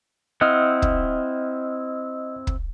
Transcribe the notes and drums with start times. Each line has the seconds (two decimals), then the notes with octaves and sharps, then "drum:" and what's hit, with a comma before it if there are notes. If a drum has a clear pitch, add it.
0.41 C4 E4 D#5 F#5 D#6 F6
0.82 drum: kick
2.47 drum: kick